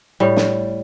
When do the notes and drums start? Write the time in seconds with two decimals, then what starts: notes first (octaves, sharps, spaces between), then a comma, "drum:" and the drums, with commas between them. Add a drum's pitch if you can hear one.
0.20 A2 G3
0.36 drum: snare